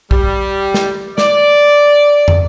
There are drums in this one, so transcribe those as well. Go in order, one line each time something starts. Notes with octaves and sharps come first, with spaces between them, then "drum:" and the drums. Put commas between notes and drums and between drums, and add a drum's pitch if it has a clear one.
G3, drum: kick
drum: snare
D5, drum: snare
drum: tom